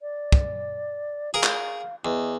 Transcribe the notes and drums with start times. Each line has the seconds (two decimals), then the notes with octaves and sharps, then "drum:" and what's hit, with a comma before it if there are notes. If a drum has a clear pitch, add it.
0.01 D5
0.32 drum: kick
1.34 G#4 A#4 F5
1.43 drum: clap
2.05 E2 D#5